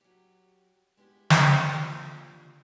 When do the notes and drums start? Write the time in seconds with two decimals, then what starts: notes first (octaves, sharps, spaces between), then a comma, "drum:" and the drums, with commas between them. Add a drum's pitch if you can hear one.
0.01 F#3 G4
0.97 G#3 B3 E4 G4
1.30 drum: snare
1.75 D3 F3 G3 A#3